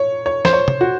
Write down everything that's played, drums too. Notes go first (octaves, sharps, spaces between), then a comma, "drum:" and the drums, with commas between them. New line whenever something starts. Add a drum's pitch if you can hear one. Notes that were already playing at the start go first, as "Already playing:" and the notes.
Already playing: C#5
C#5
C5, drum: snare
C#5
drum: tom
F#4